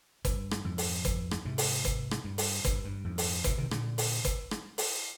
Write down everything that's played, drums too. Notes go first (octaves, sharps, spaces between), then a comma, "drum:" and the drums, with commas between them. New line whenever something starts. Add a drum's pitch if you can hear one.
G2, drum: kick, hi-hat
drum: rim click
F2 G#2
drum: open hi-hat
drum: kick, hi-hat
drum: rim click
G#2 C3
drum: open hi-hat
drum: kick, hi-hat
drum: rim click
G2
drum: open hi-hat
G2, drum: kick, hi-hat
G2
F2 G#2
drum: open hi-hat
G#2 C3, drum: kick, hi-hat
C3 D#3
A#2 D3, drum: rim click
drum: open hi-hat
drum: kick, hi-hat
drum: rim click
drum: open hi-hat